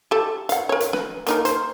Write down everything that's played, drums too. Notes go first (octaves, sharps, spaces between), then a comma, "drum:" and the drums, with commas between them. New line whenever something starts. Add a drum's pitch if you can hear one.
G4 A4
F5 F#5, drum: hi-hat
A#4 C#5
drum: hi-hat
B4, drum: snare
A#3 D#4 A#4, drum: hi-hat
C5, drum: hi-hat